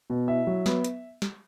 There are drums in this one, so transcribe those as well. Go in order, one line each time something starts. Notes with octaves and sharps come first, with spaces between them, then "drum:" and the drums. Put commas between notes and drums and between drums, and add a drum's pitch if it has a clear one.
B2
E4 E5
F#3
B3, drum: snare
drum: hi-hat
drum: snare